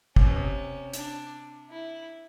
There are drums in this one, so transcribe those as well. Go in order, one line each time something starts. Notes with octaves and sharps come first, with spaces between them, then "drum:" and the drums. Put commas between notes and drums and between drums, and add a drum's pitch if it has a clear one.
C3 C#4, drum: kick
B2
C3
D4, drum: hi-hat
E4